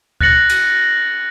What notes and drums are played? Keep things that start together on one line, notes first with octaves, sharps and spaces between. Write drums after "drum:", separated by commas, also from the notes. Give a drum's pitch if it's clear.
F#6 A6 A#6 C#7 F#7, drum: kick C#2
drum: cymbal